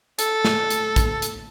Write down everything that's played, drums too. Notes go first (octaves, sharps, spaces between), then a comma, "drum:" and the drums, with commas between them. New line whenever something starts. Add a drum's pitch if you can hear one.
A4, drum: hi-hat
drum: snare
drum: hi-hat
drum: kick, hi-hat
drum: hi-hat